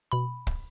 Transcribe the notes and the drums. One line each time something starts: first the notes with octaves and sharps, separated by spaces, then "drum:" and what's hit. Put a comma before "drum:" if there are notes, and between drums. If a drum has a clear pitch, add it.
B2 B5
drum: kick